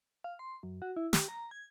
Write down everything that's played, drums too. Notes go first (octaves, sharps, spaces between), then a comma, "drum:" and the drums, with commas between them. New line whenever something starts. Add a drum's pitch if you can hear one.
F5
C6
F#2
F#4
E4
G4, drum: snare
A#5
G#6